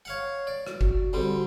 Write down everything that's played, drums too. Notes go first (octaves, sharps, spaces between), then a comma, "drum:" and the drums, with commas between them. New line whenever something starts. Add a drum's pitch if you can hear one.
C#5 F5 F#5
D5
F#4, drum: rim click
drum: kick G1
D3 G3 C4